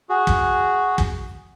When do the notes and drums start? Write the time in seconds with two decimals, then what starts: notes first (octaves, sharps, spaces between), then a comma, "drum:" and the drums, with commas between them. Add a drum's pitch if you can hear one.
0.09 F#4 G#4
0.27 drum: kick
0.98 drum: kick